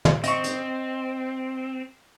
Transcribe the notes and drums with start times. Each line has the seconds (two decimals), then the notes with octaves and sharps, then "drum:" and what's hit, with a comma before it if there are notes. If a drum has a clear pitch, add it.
0.05 drum: tom
0.24 C4 D#5 C#6, drum: hi-hat
0.44 drum: hi-hat